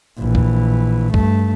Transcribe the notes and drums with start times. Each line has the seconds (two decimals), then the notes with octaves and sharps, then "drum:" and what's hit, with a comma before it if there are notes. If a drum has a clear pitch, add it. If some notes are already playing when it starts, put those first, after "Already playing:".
0.18 A#1 E3
0.35 drum: kick
1.14 G2 A3, drum: kick